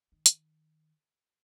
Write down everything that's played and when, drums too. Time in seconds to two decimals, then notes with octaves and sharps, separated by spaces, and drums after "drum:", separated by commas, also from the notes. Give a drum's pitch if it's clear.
0.12 D#3
0.26 drum: hi-hat